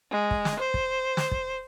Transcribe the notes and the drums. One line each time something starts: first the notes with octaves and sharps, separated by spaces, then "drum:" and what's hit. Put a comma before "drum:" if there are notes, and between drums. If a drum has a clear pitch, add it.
G#3
drum: kick
drum: snare
C5
drum: kick
drum: snare
drum: kick